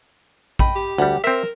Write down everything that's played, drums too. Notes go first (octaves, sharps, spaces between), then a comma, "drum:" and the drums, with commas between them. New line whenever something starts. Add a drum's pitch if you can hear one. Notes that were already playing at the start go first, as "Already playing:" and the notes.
D#5 G5 B5, drum: kick A1
G4
D2 G3 F#5
C4 A#4 C5 E5